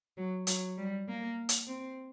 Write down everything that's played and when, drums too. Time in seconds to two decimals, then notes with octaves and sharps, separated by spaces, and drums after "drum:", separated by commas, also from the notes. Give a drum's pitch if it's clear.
0.17 F#3
0.47 F#3, drum: hi-hat
0.78 G3
1.08 A#3
1.49 drum: hi-hat
1.67 C4